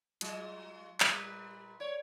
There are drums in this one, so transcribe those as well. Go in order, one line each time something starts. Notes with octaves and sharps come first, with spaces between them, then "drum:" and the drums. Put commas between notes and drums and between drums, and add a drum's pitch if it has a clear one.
F#3 G#3 F4, drum: hi-hat
A#2 G3 B4, drum: clap
C#5 D5